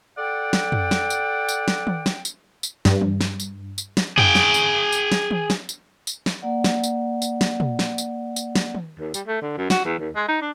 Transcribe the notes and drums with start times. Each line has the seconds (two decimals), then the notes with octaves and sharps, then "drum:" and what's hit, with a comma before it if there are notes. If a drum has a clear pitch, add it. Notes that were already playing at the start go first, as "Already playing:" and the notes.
0.18 A4 D5 F#5 G5
0.53 drum: snare
0.72 drum: tom
0.91 drum: snare
1.10 drum: tambourine
1.49 drum: tambourine
1.68 drum: snare
1.87 drum: tom D#3
2.06 drum: snare
2.25 drum: tambourine
2.63 drum: tambourine
2.85 G2, drum: snare
3.01 drum: tom D#3
3.21 drum: snare
3.40 drum: tambourine
3.78 drum: tambourine
3.97 drum: snare
4.18 G#4 G5, drum: tom
4.35 drum: snare
4.54 drum: tambourine
4.92 drum: tambourine
5.12 drum: snare
5.31 drum: tom D#3
5.50 drum: snare
5.69 drum: tambourine
6.07 drum: tambourine
6.26 drum: snare
6.42 A#3 D5 F#5
6.64 drum: snare
6.84 drum: tambourine
7.22 drum: tambourine
7.41 drum: snare
7.60 drum: tom
7.79 drum: snare
7.98 drum: tambourine
8.36 drum: tambourine
8.55 drum: snare
8.75 drum: tom D#3
8.99 D#2
9.14 G3, drum: tambourine
9.27 A3
9.42 D3
9.57 F#2
9.70 F#4, drum: snare
9.84 E2
9.99 D#2
10.15 G#3
10.28 D#4
10.41 D4